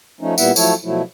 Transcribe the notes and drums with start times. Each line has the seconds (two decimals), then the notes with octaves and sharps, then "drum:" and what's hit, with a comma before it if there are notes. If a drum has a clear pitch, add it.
0.21 F3 A3 C#4 D#4
0.38 A#2 G3 B3 E4 E5 F#5, drum: tambourine
0.56 F3 F#3 A3 E4 A4 C#5, drum: tambourine
0.84 B2 F3 F#3 A3 E4